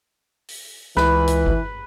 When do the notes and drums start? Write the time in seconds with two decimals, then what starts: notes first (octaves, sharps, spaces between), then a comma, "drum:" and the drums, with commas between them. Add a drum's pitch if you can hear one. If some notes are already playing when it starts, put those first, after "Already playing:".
0.48 drum: open hi-hat
0.97 C#2 E3 B4, drum: snare
1.28 drum: hi-hat
1.46 drum: kick G1